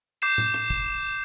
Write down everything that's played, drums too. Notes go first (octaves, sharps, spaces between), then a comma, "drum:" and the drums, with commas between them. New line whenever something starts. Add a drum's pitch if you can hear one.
D6 G6 C7 E7
drum: tom A2
drum: rim click
drum: kick